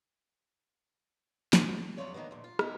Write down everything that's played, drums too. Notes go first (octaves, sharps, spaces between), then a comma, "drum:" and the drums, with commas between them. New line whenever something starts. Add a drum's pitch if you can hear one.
drum: snare
E2 D#3 F#3 F4 C#5 D5
D3 D#3 F#3 A#3 B3
D2 A#2
F4
B3 D#4 E4 G4 A#4, drum: rim click